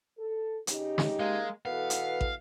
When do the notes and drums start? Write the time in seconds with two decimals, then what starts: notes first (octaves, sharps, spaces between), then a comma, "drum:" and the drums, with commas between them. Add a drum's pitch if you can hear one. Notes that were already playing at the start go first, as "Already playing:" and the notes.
0.18 A4
0.67 C#3 D#4 G4, drum: hi-hat
0.98 drum: snare
1.19 G#3 A#3
1.65 B2 E3 B3 A4 F5
1.90 drum: hi-hat
2.21 drum: kick